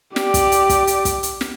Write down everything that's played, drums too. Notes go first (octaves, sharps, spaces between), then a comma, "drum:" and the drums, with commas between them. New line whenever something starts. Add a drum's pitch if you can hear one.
G4 D5, drum: snare
drum: kick, hi-hat
drum: hi-hat
drum: kick, hi-hat
drum: hi-hat
drum: kick, hi-hat
drum: hi-hat
drum: snare